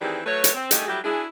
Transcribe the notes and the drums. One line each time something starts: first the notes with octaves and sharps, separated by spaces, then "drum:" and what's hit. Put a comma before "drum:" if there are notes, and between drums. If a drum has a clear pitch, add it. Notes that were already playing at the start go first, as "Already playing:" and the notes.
D#3 E3 C4 D4 G4 G#4
F#3 A3 B4 C#5
drum: hi-hat
C4
G3 A3 D#4 G4 G#4, drum: hi-hat
F#3 G3 A3 E4 G4
D4 E4 F#4 G#4